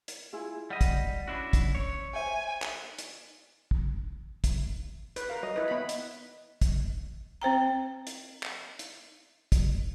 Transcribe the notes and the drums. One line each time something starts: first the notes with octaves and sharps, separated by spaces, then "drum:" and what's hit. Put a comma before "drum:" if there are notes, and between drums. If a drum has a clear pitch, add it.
drum: hi-hat
E4 F4 G#4
G3 D#5 F#5
drum: kick, hi-hat
C#4 D4 E4 F#4
drum: kick, hi-hat
C#5
C5 E5 G5 G#5
drum: clap
drum: hi-hat
drum: kick
drum: kick, hi-hat
B4, drum: hi-hat
A#4 F5
D#5
E4 B4
B3 B5
drum: hi-hat
drum: kick, hi-hat
C4 C5 G5 A#5
drum: hi-hat
drum: clap
drum: hi-hat
drum: kick, hi-hat